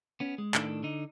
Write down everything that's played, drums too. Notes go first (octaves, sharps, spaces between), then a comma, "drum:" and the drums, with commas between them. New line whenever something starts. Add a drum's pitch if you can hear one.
B3 C#4
G#3
A2 D#3 D4 A4, drum: clap
D3 D#4